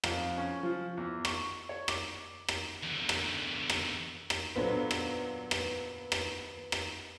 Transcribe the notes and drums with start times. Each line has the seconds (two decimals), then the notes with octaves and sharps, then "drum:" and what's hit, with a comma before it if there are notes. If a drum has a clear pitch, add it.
0.04 F2, drum: rim click
0.37 C#4
0.63 F3
0.97 E2
1.25 C#6, drum: rim click
1.69 C#5
1.88 D6, drum: rim click
2.48 drum: rim click
2.83 E2 D3
3.09 drum: rim click
3.70 drum: rim click
4.30 drum: rim click
4.56 D#2 A#2 F#3 B3 D4 A4 B4 C5
4.91 drum: rim click
5.51 drum: rim click
6.12 drum: rim click
6.72 drum: rim click